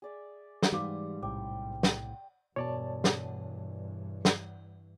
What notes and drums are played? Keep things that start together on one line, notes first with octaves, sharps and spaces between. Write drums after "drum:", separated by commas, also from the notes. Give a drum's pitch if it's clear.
G#4 D5 E5
drum: snare
G#2 E3 G3 G4 F5 C6 D6
B1 A2 C3 G5 D6
drum: snare
E1 G2 E3 C#5 D5 A5
drum: snare
drum: snare